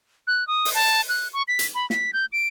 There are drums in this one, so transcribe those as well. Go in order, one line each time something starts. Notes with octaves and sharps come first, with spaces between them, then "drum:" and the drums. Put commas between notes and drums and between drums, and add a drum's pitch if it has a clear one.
F#6
D#6
drum: open hi-hat
A5
F#6
C#6
B6
drum: hi-hat
B5
B6, drum: snare
G6
D7